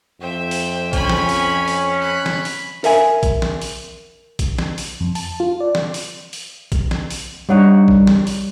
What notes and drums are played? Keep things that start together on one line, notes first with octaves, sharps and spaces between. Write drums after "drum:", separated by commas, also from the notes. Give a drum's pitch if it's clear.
F2 C5 E5 G5
drum: open hi-hat
C#4 G#5 B5, drum: kick, hi-hat
drum: snare
drum: open hi-hat
drum: open hi-hat
B5 F#6
drum: snare
drum: open hi-hat
A#4 E5 G#5, drum: open hi-hat
drum: kick, hi-hat
drum: snare
drum: open hi-hat
drum: kick, hi-hat
drum: snare
drum: open hi-hat
F2
A5, drum: open hi-hat
F4
D5
drum: snare
drum: open hi-hat
drum: open hi-hat
drum: kick, hi-hat
drum: snare
drum: open hi-hat
G2 G3 D4 D#4 C#5 F#5
drum: kick
drum: snare
drum: open hi-hat